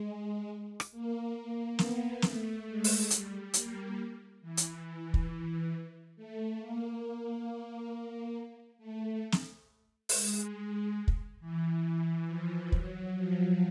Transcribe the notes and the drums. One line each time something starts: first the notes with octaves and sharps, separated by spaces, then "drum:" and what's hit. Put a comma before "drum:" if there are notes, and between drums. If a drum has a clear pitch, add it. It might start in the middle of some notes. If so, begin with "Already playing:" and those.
Already playing: G#3
drum: rim click
A#3
A#3
B3, drum: snare
A3, drum: snare
G#3
drum: open hi-hat
G3, drum: hi-hat
A#3, drum: hi-hat
E3
drum: hi-hat
E3
drum: kick
A3
A#3
A#3
A#3
A#3
A3
drum: snare
G#3, drum: open hi-hat
drum: kick
E3
E3
F3
F#3, drum: kick
F3